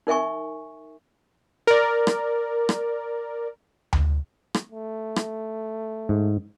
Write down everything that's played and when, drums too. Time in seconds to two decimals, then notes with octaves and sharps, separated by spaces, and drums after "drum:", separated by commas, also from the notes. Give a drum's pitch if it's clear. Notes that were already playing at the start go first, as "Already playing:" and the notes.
0.07 D#4 A#4 E5 G#5 C#6
1.67 A#4 D5
2.07 drum: rim click
2.69 drum: rim click
3.93 drum: tom D2
4.54 drum: rim click
4.72 A3
5.16 drum: rim click
6.09 G#2